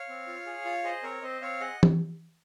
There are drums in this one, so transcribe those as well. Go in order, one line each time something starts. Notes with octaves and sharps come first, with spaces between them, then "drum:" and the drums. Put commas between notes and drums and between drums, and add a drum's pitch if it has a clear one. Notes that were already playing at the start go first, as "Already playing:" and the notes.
Already playing: C#5 F5
C4
F4
G#4
F4
G#4 C5 D#5
C4 A#4 C#5
C4 C5 D#5
C4 C#5 F5
G#4 D#5 F#5
drum: tom E3